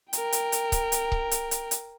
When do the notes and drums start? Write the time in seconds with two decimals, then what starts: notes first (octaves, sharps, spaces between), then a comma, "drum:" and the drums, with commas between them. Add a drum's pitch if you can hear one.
0.13 A#4 G5, drum: hi-hat
0.32 drum: hi-hat
0.52 drum: hi-hat
0.72 drum: kick C#1, hi-hat
0.92 drum: hi-hat
1.12 drum: kick C#1
1.31 drum: hi-hat
1.51 drum: hi-hat
1.71 drum: hi-hat